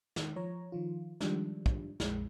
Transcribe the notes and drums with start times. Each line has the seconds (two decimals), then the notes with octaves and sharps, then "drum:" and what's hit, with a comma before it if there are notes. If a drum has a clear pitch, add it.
0.16 D#3, drum: snare
0.36 F3 C#5 A#5
0.72 D#3 F3 F4
1.21 D#3 F3 G3 G#3 D4, drum: snare
1.66 drum: kick
2.00 A#1 F2 G#3, drum: snare